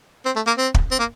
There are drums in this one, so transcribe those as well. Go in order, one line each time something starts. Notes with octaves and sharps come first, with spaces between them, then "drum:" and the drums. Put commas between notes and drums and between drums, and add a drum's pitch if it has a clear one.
C4
A3
A#3
C4
drum: kick
C4
A#3